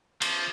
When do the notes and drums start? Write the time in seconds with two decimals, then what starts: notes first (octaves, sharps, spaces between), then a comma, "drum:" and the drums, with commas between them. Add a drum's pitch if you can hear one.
0.22 F3, drum: cymbal